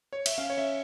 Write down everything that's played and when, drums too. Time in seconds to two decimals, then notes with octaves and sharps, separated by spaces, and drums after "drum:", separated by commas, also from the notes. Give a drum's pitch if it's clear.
0.13 C#5
0.26 E5, drum: cymbal
0.38 C#4 F5
0.50 C#5
0.57 C#4 E5